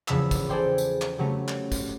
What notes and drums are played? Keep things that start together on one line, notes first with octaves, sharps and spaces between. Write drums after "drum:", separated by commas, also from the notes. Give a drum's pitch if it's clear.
E2 C#3 F3 B5 E6, drum: clap
drum: kick, tambourine
G#4 A4 C5 D5 G5 C6
drum: tambourine
drum: clap
C#3 F#3 G3 A3 C#4
drum: clap
drum: kick, tambourine